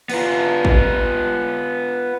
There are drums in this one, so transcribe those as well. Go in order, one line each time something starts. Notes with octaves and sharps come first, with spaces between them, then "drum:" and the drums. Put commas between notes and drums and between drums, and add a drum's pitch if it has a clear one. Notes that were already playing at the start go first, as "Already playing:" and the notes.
B3 F4, drum: cymbal
drum: kick